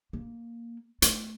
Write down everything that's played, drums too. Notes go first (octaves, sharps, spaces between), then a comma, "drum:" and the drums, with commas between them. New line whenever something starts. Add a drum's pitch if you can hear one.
A#3
A3, drum: hi-hat